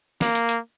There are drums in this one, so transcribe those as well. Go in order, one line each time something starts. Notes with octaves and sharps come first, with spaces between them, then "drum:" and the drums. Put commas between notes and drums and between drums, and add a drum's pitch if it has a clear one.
A#3, drum: snare
drum: hi-hat
drum: hi-hat